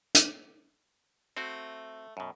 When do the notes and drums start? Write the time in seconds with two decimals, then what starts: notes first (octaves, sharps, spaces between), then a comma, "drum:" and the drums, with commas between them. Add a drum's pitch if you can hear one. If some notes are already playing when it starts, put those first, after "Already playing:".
0.14 drum: hi-hat
1.37 A3 C4 F#4
2.17 F#2 B2